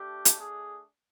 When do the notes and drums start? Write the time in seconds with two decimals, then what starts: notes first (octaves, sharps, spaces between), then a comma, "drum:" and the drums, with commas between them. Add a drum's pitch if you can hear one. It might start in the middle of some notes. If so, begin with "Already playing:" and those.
Already playing: A3 D4 G4
0.25 drum: hi-hat
0.39 G#4